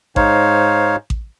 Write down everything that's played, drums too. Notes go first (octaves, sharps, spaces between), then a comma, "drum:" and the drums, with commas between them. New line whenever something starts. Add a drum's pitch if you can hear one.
G#2 D#4 C5 C#5 F5, drum: kick A1
drum: kick A1